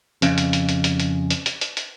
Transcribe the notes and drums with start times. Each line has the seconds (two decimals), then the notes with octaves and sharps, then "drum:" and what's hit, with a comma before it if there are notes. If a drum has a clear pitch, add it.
0.22 F2 C#3, drum: hi-hat
0.38 drum: hi-hat
0.53 drum: hi-hat
0.69 drum: hi-hat
0.84 drum: hi-hat
1.00 drum: hi-hat
1.30 drum: hi-hat
1.46 drum: hi-hat
1.61 drum: hi-hat
1.77 drum: hi-hat